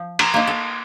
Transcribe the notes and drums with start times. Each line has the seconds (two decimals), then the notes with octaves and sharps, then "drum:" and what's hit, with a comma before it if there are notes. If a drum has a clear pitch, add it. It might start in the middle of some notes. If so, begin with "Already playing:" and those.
Already playing: F3
0.19 A#4, drum: cymbal
0.34 A#3 D#4
0.47 A4